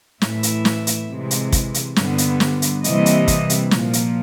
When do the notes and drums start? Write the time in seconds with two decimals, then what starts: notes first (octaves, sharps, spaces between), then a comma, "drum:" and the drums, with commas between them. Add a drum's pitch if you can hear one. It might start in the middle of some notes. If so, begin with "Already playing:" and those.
0.22 A2 E3 A3 E5, drum: snare
0.43 drum: hi-hat
0.65 drum: snare
0.87 drum: hi-hat
1.09 C3 E3 G#3
1.31 drum: hi-hat
1.53 drum: kick, hi-hat
1.74 drum: hi-hat
1.96 G2 D3 G3 B3, drum: snare
2.18 drum: hi-hat
2.40 drum: snare
2.62 drum: hi-hat
2.84 C3 E3 G3 A#3 D#5, drum: hi-hat
3.06 drum: hi-hat
3.28 drum: kick, hi-hat
3.50 drum: hi-hat
3.71 A#2 F3 A#3, drum: snare
3.93 drum: hi-hat